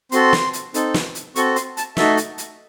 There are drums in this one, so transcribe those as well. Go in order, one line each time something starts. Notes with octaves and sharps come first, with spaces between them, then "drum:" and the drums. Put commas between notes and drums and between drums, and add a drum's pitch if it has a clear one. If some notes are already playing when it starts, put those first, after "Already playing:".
C4 F#4 A4 C6, drum: hi-hat
drum: snare
drum: hi-hat
C4 D#4 A4, drum: hi-hat
drum: snare
drum: hi-hat
C4 F#4 A4 C#6, drum: hi-hat
C6, drum: hi-hat
A5, drum: hi-hat
A3 D#4 F#4 A4 E5, drum: snare
drum: hi-hat
drum: hi-hat